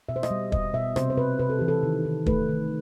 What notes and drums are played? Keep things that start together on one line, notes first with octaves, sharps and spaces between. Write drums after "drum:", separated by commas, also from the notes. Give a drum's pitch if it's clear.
B2 E5
C5
D#5, drum: rim click
G3
G3 D#5, drum: kick
B2 E5
C3 C5, drum: rim click
C5
C3 B4
C3 B4
A4
E3 G4
A4
D#3
D#3
A3 B4, drum: kick
D#3